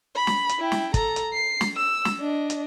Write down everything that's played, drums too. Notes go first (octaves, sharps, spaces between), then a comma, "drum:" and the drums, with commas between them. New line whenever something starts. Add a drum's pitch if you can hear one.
B5
drum: snare
drum: hi-hat
E4 G5
drum: snare
A4 A#5, drum: kick, hi-hat
drum: hi-hat
C7
drum: snare
E6
drum: snare
D4 D#5
drum: hi-hat